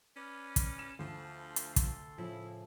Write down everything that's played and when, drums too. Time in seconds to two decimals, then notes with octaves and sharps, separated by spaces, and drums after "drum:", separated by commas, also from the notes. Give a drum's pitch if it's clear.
0.16 C#4 B4 D5 F6
0.56 drum: kick, hi-hat
0.79 E7
0.99 D2 F3 A4 C6
1.56 drum: hi-hat
1.76 drum: kick, hi-hat
2.18 A2 C#3 F3 E4